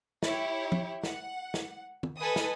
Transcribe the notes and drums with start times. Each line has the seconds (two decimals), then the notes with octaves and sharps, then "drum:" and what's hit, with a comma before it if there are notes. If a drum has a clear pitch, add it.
0.23 E4 G4 C#5, drum: snare
0.72 drum: tom
1.04 F#5, drum: snare
1.54 drum: snare
2.03 drum: tom
2.18 A4 B4 D#5 G#5 D#6
2.36 drum: snare